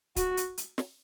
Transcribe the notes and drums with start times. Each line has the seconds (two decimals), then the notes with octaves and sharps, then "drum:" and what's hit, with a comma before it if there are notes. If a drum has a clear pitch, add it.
0.16 F#4, drum: kick, hi-hat
0.37 drum: hi-hat
0.58 drum: hi-hat
0.78 drum: snare